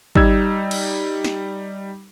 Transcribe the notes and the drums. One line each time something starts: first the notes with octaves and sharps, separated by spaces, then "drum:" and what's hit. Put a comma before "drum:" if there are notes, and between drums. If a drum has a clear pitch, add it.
G3 D#4 E6 G#6, drum: kick
drum: cymbal
drum: snare